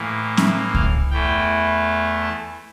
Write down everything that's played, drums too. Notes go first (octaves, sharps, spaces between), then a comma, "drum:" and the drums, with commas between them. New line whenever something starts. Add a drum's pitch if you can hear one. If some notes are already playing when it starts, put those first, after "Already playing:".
Already playing: A2 E3 A#3
E5, drum: snare
F5, drum: kick C#2
E2 E3 A3 E4 G5
A5